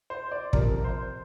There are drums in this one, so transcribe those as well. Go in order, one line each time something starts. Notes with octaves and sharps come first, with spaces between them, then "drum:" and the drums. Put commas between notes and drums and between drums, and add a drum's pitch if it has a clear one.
C5
D5
F2 C3 F3 A#4, drum: kick
C5